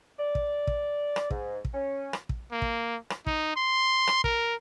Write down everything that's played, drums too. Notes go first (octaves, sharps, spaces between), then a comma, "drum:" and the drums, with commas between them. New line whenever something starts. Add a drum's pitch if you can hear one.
D5
drum: kick
drum: kick
drum: rim click
G#2, drum: kick
drum: kick
C#4
drum: rim click
drum: kick
A#3
drum: kick
drum: rim click
D#4, drum: kick
C6
drum: rim click
A#4, drum: kick